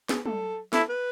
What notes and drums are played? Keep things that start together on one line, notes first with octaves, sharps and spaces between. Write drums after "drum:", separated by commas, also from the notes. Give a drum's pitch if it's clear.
G#4, drum: snare
A4, drum: tom
E4 A4, drum: snare
B4